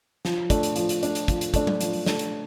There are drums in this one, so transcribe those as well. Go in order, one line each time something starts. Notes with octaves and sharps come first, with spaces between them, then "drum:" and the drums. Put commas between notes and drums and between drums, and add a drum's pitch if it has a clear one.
F3, drum: snare
A3 D4, drum: kick, hi-hat
drum: hi-hat
F3, drum: hi-hat
drum: hi-hat
A3 D4, drum: hi-hat
drum: hi-hat
F3, drum: kick, hi-hat
drum: hi-hat
A3 D4, drum: kick, hi-hat
drum: tom F#3
F3, drum: hi-hat
drum: open hi-hat
A3 D4, drum: snare
drum: hi-hat